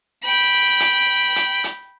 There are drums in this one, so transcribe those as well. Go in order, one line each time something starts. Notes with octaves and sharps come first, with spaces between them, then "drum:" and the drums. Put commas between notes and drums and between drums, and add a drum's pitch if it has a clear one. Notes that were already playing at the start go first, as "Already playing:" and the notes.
G5 B5
drum: hi-hat
drum: hi-hat
drum: hi-hat